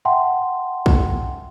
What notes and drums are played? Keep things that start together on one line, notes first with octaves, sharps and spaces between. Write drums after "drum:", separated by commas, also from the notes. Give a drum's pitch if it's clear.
E5 F#5 G5 A5 C6
drum: kick